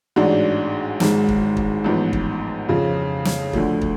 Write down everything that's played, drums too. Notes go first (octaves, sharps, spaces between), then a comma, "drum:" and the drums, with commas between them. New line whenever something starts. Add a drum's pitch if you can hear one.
A1 G#2 G#3 D4 F#4
G#1 G#2 G#3, drum: snare
drum: kick
drum: kick
A1 G#2 F3 B3
drum: kick
F2 C#3 F3
drum: snare
D2 D3 F3 A3, drum: kick
drum: kick